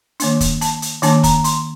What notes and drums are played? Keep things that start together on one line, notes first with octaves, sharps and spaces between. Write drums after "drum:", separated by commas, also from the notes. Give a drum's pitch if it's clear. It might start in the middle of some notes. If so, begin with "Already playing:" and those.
D#3 A#3 D4, drum: hi-hat
drum: kick, hi-hat
A5, drum: hi-hat
drum: hi-hat
D#3 A#3 D4 A5, drum: hi-hat
A#5, drum: kick, hi-hat
C6, drum: hi-hat